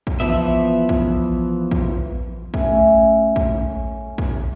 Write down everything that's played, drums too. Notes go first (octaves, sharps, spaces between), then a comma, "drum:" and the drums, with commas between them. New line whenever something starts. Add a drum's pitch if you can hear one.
drum: kick
E3 F3 B3 E5
drum: kick
drum: kick
A3 C#4, drum: kick
drum: kick
drum: kick